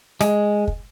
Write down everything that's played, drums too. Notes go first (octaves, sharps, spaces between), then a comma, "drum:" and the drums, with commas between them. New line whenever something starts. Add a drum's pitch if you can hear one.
G#3, drum: rim click
drum: kick